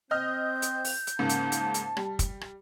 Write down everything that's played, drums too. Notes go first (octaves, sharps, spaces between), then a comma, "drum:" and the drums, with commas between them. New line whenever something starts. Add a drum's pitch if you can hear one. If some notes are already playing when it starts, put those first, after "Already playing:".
C4 D#5 F6 G6
drum: hi-hat
drum: open hi-hat
drum: hi-hat
G#2 C#3 A#3 A5
drum: hi-hat
drum: hi-hat
drum: hi-hat
G3, drum: rim click
drum: kick, hi-hat
drum: rim click